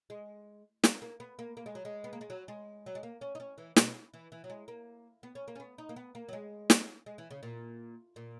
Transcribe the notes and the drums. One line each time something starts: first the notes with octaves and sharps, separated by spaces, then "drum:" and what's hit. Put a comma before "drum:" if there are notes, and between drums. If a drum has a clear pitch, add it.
G#3
A#3, drum: snare
A#3
B3
A#3
A#3
G#3
F#3
G#3
B3
A#3
G#3
F#3
G#3
F#3
G#3
A#3
C#4
D#4
C#4
E3
B2, drum: snare
E3
E3
F#3
G#3
A#3
B3
C#4
A#3
C#4
B3
D#4
A#3
B3
A#3
F#3
G#3
drum: snare
G#3
E3
C#3
A#2
A#2